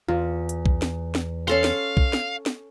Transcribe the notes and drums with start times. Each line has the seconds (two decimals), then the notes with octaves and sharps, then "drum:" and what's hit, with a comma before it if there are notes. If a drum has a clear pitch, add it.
0.09 E2 F4
0.49 drum: hi-hat
0.66 drum: kick
0.82 drum: snare
1.15 drum: snare
1.48 C#4 A4 F5 C6
1.64 drum: snare
1.97 drum: kick
2.13 drum: snare
2.46 drum: snare